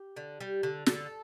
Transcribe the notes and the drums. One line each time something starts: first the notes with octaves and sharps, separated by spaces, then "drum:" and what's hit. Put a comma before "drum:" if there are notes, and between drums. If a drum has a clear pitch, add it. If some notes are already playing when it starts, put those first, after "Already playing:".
Already playing: G4
D3
G3
D3
D3 A4, drum: snare